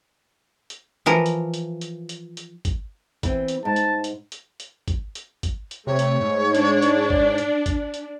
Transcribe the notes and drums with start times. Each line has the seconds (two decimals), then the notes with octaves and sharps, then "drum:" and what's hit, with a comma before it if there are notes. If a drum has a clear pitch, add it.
0.70 drum: hi-hat
1.06 E3 F3 A#4
1.26 drum: hi-hat
1.54 drum: hi-hat
1.81 drum: hi-hat
2.09 drum: hi-hat
2.37 drum: hi-hat
2.65 drum: kick G#1, hi-hat
3.23 E3 C4, drum: kick G#1, hi-hat
3.48 drum: hi-hat
3.65 G#2 A5
3.76 drum: hi-hat
4.04 drum: hi-hat
4.32 drum: hi-hat
4.60 drum: hi-hat
4.88 drum: kick G#1, hi-hat
5.15 drum: hi-hat
5.43 drum: kick G#1, hi-hat
5.71 drum: hi-hat
5.87 C3 A3 C#5
5.99 drum: hi-hat
6.21 G#2
6.55 D4, drum: hi-hat
6.82 drum: hi-hat
7.10 drum: kick G#1
7.38 drum: hi-hat
7.66 drum: kick G#1, hi-hat
7.94 drum: hi-hat